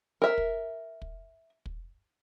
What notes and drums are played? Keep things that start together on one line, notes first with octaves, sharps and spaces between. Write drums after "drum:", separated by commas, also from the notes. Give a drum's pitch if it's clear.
A#4 E5
drum: kick
drum: kick
drum: kick